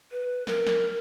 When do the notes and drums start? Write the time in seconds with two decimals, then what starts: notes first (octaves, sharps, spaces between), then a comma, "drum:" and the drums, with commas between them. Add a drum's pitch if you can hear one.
0.11 B4
0.47 A#4, drum: snare
0.67 drum: snare